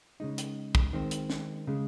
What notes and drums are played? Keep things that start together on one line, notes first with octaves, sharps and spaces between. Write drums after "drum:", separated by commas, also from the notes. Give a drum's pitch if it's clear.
C#3 G#3 D#4
drum: hi-hat
drum: kick
D#3 G#3 C4
drum: hi-hat
drum: snare
C#3 G#3